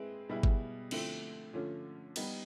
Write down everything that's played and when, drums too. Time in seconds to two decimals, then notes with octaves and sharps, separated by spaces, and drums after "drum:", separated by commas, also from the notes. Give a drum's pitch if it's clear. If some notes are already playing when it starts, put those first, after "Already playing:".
Already playing: G#3 C4 E4 G#4 B4
0.29 B2 G3 B3 E4 G#4
0.43 drum: kick G1
0.91 D3 F3 A3 C4 E4, drum: cymbal
1.54 D3 F3 A3 C#4 F4
2.16 G3 B3 D#4, drum: cymbal